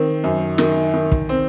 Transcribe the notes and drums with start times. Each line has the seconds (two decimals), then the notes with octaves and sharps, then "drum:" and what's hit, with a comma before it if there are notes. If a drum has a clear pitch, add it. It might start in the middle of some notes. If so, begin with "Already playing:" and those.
Already playing: D#3 C4
0.24 F#2
0.58 D#3, drum: snare
0.94 D#3
1.12 drum: kick
1.29 C4